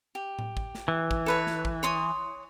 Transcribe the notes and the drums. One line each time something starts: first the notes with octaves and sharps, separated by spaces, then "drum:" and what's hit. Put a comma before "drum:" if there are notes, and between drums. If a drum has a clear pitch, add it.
G4
drum: tom A2
drum: kick
drum: snare
E3
drum: kick
A4 B4 C#5
drum: snare
drum: kick
C#5 C6 D#6